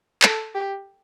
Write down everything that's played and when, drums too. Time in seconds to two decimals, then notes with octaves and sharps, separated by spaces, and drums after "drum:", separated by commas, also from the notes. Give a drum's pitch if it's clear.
0.22 A4, drum: clap
0.55 G4